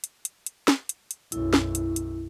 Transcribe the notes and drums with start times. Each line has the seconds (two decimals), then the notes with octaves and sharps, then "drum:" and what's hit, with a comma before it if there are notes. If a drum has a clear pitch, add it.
0.04 drum: hi-hat
0.25 drum: hi-hat
0.46 drum: hi-hat
0.68 drum: snare
0.89 drum: hi-hat
1.11 drum: hi-hat
1.32 B1 F#2 E4, drum: hi-hat
1.53 drum: snare
1.75 drum: hi-hat
1.96 drum: hi-hat